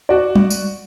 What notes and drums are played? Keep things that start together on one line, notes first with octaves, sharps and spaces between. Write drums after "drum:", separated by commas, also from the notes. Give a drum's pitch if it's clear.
F#4 D5
drum: tom F#3
drum: tambourine